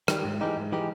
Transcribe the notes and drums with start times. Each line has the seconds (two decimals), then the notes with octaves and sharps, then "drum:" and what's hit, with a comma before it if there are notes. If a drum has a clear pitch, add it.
0.08 D#3 G3, drum: rim click
0.25 G#2
0.41 E3 G#3 D#4 G4
0.57 G#2
0.72 E3 G#3 D#4 G4